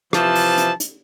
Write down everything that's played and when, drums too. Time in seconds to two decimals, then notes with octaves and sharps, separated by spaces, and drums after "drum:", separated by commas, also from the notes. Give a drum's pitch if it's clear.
0.13 C3 E3 F3 A5, drum: rim click
0.35 drum: open hi-hat
0.58 drum: hi-hat
0.80 drum: hi-hat